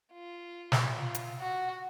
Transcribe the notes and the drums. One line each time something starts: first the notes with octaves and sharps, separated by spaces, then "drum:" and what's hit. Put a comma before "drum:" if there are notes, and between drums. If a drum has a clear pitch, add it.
F4
drum: snare
F4
drum: hi-hat
F#4